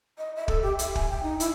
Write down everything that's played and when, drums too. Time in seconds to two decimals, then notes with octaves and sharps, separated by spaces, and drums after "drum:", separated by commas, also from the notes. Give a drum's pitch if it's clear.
0.18 D#5
0.36 E5
0.48 A4, drum: kick
0.63 G4
0.79 E5, drum: hi-hat
0.95 G#5, drum: kick
1.09 G5
1.23 D#4
1.40 E4, drum: hi-hat